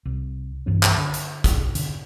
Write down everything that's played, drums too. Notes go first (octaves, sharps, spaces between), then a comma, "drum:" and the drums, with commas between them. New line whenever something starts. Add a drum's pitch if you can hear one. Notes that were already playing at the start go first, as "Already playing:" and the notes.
C2
B1 G2 E3 C#4
drum: clap
D3
drum: hi-hat
drum: kick, hi-hat
D3, drum: hi-hat